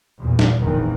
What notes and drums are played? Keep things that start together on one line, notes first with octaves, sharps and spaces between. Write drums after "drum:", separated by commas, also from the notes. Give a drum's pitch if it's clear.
E2 A#2
drum: snare
F1 A#1 E2 G2 D#3 E3